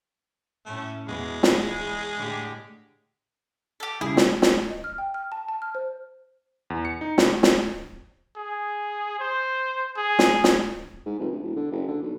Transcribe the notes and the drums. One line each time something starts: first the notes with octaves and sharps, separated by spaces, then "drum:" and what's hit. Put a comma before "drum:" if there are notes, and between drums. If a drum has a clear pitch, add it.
A2 A3 C#4
E2 B2 E3 G#3
E2, drum: snare
A2 D3 G4
G4 A4
C#3 G3 E4 G#4
drum: snare
drum: snare
D#5
F6
G5
F6
A5
A5
F6
C5
E2
C#7
D#4
D2, drum: snare
drum: snare
G#4
C5
G#4
drum: snare
drum: snare
G#2
F1
D2
E1
D3
F#1
D3
B1